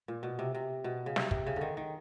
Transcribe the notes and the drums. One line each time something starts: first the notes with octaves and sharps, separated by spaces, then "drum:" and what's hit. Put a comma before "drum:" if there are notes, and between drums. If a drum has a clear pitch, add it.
A#2
B2
C3
C3
B2
C#3
C3, drum: snare
C3, drum: kick
C#3
D3 D#3
D#3